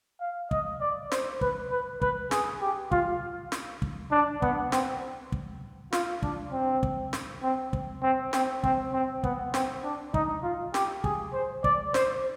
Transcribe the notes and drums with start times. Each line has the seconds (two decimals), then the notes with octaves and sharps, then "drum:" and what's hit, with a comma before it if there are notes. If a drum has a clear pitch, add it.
0.21 F5
0.51 D#5, drum: kick
0.81 D5
1.12 C5, drum: snare
1.41 B4, drum: kick
1.71 B4
2.02 B4, drum: kick
2.31 G#4, drum: snare
2.61 G4
2.91 F4, drum: kick
3.52 drum: snare
3.82 drum: kick
4.12 D4
4.42 B3, drum: kick
4.72 C4, drum: snare
5.32 drum: kick
5.93 F4, drum: snare
6.22 D4, drum: kick
6.52 C4
6.83 drum: kick
7.13 drum: snare
7.43 C4
7.73 drum: kick
8.03 C4
8.33 C4, drum: snare
8.64 C4, drum: kick
8.94 C4
9.24 B3, drum: kick
9.54 C4, drum: snare
9.84 D4
10.14 D#4, drum: kick
10.43 F4
10.74 G4, drum: snare
11.04 G#4, drum: kick
11.34 C5
11.64 D5, drum: kick
11.94 C5, drum: snare